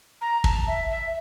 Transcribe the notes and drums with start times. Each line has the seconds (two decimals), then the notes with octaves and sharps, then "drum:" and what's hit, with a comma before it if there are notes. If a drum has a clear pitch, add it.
0.21 A#5
0.44 A5, drum: kick
0.67 E5
0.90 E5